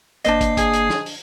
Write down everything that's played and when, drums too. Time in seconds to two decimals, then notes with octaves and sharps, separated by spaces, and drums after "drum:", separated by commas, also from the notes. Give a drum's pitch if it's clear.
0.24 G1 A#3 D4 C5 D#5 C7, drum: hi-hat
0.41 drum: kick, hi-hat
0.57 G#4, drum: kick, hi-hat
0.73 drum: hi-hat
0.90 drum: snare
1.06 drum: open hi-hat